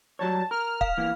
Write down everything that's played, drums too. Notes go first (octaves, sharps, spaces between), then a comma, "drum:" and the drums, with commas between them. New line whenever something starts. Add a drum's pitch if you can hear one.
F#3 G3 C#5 A5
A#4 F6
F5, drum: kick
E3 A#3 B3